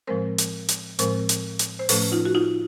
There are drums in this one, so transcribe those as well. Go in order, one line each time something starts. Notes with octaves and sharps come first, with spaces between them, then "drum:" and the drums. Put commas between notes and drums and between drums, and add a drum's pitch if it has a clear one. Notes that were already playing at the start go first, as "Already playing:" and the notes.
A2 F3 G#3 C4 A#4 C5
drum: hi-hat
drum: hi-hat
A2 F3 G#3 C4 A#4 C5, drum: hi-hat
drum: hi-hat
drum: hi-hat
C5
A2 F3 A3 C#4 A4 B4, drum: open hi-hat
D#4 F4
F#4
D#4 F4